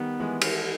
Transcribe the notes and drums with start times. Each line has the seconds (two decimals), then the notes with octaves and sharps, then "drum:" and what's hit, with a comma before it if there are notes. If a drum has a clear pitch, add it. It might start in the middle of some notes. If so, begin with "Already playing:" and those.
Already playing: D#3 G3 B3
0.20 E3 G#3
0.41 drum: cymbal